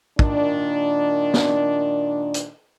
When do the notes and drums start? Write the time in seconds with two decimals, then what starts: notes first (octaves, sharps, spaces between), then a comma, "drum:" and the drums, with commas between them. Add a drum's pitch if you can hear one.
0.19 A#2 D#3 D4, drum: kick
1.34 drum: snare
2.34 drum: hi-hat